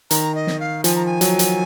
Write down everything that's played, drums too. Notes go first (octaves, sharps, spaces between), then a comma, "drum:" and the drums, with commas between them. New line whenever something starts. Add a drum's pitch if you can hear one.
D#3 A#5, drum: hi-hat
D#5
drum: snare
F5
F3 G#5, drum: hi-hat
A#5
G#5
F#3, drum: hi-hat
drum: hi-hat